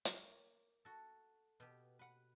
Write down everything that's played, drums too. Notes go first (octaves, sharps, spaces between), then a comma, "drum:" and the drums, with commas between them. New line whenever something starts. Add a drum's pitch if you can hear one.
A#3 C#5, drum: hi-hat
F#4 A4
B2 G4
B4 F#5